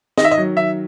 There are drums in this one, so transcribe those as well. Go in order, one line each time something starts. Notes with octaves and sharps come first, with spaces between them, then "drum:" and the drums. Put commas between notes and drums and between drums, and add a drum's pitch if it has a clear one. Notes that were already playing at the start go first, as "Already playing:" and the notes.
D#3 D#5, drum: snare
E5
D#5
F#3
D#3 E5